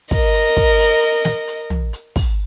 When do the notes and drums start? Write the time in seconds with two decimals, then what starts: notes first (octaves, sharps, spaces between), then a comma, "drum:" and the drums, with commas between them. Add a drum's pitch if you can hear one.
0.11 A#4 D#5, drum: kick, hi-hat
0.34 drum: hi-hat
0.57 drum: kick, hi-hat
0.79 drum: open hi-hat
1.02 drum: hi-hat
1.25 drum: snare
1.48 drum: hi-hat
1.70 drum: tom
1.93 drum: hi-hat
2.16 drum: kick, open hi-hat